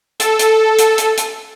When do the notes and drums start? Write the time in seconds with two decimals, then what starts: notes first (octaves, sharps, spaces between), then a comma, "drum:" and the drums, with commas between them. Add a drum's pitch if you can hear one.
0.20 A4, drum: hi-hat
0.39 drum: hi-hat
0.78 drum: hi-hat
0.98 drum: hi-hat
1.17 drum: hi-hat